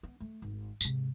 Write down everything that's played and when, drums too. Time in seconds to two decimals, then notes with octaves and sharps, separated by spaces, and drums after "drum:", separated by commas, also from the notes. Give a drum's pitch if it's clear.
0.03 B3
0.20 A3
0.42 G#1
0.81 G#2 C3, drum: tambourine